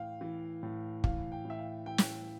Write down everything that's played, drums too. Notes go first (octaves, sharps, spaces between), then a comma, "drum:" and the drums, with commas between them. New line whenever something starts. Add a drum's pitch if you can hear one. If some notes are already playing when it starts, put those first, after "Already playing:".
Already playing: A2 E3 F5 G5
E3
A2
E3 F5, drum: kick
G5
A2
E5
F5
E3 G5
drum: snare